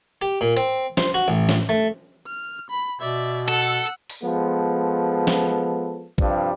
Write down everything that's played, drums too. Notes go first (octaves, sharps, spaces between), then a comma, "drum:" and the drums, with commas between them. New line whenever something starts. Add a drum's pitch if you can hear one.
G4
A#2
C4, drum: hi-hat
C5, drum: snare
F#4
A1
drum: snare
A3
F6
B5
B2 D5 E5
A4 F#5 E6
drum: open hi-hat
F3 G#3 B3 A4
drum: snare
G2 C3 F3 G3, drum: kick A#1